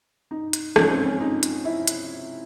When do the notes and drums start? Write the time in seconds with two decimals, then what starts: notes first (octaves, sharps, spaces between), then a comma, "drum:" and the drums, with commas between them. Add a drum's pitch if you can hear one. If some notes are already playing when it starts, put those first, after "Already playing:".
0.31 D#4
0.53 drum: hi-hat
0.76 G#2 F3 G#3 C#4, drum: rim click
0.91 C4
1.06 C#4
1.20 D#4
1.43 drum: hi-hat
1.65 E4
1.87 drum: hi-hat